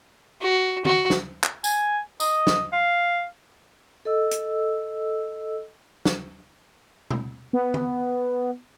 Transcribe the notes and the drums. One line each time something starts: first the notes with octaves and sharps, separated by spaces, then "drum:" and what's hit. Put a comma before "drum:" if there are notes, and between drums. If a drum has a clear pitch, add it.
F#4
F#4, drum: tom D#3
drum: snare
drum: clap
G#5, drum: tambourine
D#5, drum: tambourine
drum: snare
F5
A4 D#5 E6
drum: hi-hat
drum: snare
drum: tom B2
B3
drum: tom D#3